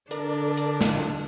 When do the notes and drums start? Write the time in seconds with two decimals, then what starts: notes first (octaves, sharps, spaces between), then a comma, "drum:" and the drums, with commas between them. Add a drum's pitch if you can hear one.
0.11 D3 D4 A4 A#4 D5, drum: hi-hat
0.57 drum: hi-hat
0.81 drum: snare
1.04 drum: hi-hat